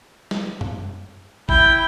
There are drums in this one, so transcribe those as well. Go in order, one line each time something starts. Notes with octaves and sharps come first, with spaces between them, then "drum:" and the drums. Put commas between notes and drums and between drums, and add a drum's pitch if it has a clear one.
drum: snare
drum: tom F#2
E4 G5, drum: kick G#1